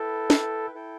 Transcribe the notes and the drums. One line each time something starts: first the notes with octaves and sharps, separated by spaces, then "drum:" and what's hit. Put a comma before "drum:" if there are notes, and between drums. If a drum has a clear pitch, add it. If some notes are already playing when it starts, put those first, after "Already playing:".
Already playing: E4 A4 B4 G5
drum: snare
E4 A4 G5